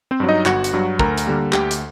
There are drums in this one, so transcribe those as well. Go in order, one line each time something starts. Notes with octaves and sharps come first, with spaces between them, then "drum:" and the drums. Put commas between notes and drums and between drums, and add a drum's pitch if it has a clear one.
C4 C5
G2 F#3
D#4 D#5
G1 F#4 F#5, drum: clap
drum: hi-hat
G2 F#3
D2 A#4 A#5, drum: kick
drum: hi-hat
D3 G3 A#3
D2 G4 G5, drum: clap
drum: hi-hat